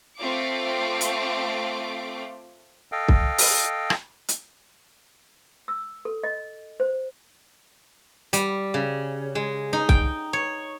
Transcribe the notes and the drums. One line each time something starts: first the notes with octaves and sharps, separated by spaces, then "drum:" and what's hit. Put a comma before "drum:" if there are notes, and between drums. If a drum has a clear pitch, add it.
A3 C4 F4 D6
drum: hi-hat
A4 D#5 F5 G5
drum: kick C2
drum: open hi-hat
drum: rim click
drum: hi-hat
E6
A4
D#5
C5
G3, drum: hi-hat
C#3
G#3
D#4
G5, drum: kick C2
C#5